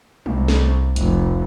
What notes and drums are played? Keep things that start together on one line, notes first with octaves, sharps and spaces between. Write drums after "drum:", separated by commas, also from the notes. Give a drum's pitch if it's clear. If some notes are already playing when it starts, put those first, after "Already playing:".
C2, drum: tom
drum: snare
F1, drum: hi-hat